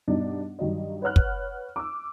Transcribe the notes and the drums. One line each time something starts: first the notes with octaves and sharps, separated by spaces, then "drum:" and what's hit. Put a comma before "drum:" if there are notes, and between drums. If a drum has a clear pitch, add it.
G2 B2 D4 D#4
G2 D#3 F#3 D#5
B4 C#5 F#5 F6 F#6
drum: kick
D6 E6